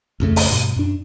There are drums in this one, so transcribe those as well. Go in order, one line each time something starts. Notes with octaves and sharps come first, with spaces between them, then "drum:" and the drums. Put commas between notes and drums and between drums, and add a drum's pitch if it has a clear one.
A1 F2 C#3 A3
drum: open hi-hat
G2 B2
F#2 D4